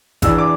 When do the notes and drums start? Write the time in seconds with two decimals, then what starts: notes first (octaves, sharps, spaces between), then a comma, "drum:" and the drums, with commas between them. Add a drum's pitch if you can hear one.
0.22 E2 E3 D4 E6, drum: kick G#1, hi-hat
0.38 D6